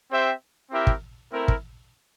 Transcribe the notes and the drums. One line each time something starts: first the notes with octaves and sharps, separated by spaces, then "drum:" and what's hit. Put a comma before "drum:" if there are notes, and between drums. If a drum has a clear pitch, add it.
C4 G4 C5 E5 G5
C4 E4 G4 A#4 E5
drum: kick
A3 C4 E4 A#4
drum: kick